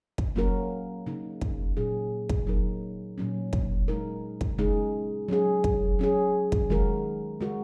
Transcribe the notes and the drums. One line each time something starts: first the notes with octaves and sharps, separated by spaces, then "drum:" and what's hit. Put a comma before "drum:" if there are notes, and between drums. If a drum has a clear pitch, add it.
drum: kick
F#3 A#3 C#4 F#4 A#4
C#3 A#3 D#4
drum: kick
A#2 F#3 C#4 G#4
drum: kick
F#3 A#3 D#4 A#4
A#2 F#3 C#4
drum: kick
G#3 D#4 A#4
drum: kick
C#3 G#3 D#4 G#4
F#3 C#4 G#4
drum: kick
F#3 C#4 G#4
drum: kick
D#3 G#3 F#4 A#4
C#3 G#3 F#4 A#4